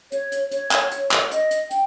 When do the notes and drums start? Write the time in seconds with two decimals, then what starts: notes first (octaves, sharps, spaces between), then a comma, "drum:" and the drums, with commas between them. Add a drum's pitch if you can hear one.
0.12 C#5, drum: hi-hat
0.32 drum: hi-hat
0.51 C#5, drum: hi-hat
0.72 drum: clap
0.91 drum: hi-hat
1.11 drum: clap
1.31 D#5, drum: hi-hat
1.51 drum: hi-hat
1.71 G5, drum: hi-hat